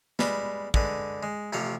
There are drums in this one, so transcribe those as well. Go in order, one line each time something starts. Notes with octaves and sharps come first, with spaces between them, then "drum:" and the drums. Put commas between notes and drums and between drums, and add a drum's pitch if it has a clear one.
G3 G#3 B4, drum: snare
D3 G#3 B4, drum: kick
G#3
A1 C3 F3 C4 C#5 C#6